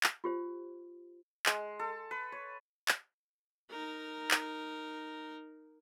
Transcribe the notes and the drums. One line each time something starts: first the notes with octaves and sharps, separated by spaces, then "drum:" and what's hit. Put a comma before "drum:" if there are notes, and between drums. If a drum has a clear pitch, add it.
drum: clap
F4 G4 C5
G#3, drum: clap
A4
B4
C#5
drum: clap
D#4 A#4
drum: clap